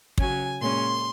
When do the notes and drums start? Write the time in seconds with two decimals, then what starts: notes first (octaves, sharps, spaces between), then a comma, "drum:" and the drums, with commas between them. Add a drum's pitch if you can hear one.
0.18 C#3 F#3 C#4 G#5, drum: kick
0.61 A#2 G#3 C#4 C6